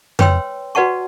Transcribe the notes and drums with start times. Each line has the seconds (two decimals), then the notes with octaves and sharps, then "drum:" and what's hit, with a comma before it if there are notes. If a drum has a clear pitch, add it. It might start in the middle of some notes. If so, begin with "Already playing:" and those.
0.19 B4 C#5 G5 C6 E6, drum: tom F2
0.75 F#4 B4 D5 F#5 A5 C#6